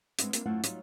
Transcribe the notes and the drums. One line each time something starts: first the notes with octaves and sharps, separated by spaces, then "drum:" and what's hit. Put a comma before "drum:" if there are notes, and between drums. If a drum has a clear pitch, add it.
G#3 B3 C4 D4 E4, drum: hi-hat
A#3 C4 D4 E4 A#4, drum: hi-hat
F#2 A3 E4 F4 C5 F#5
F#3 G3 D#4 F4, drum: hi-hat